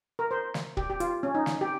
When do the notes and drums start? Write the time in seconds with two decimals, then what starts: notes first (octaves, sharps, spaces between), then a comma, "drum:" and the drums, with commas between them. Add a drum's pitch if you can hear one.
0.19 A#4
0.31 C5
0.54 drum: snare
0.77 G4, drum: kick
0.90 G4
1.00 F4, drum: hi-hat
1.23 C#4
1.35 D#4
1.46 drum: snare
1.61 G4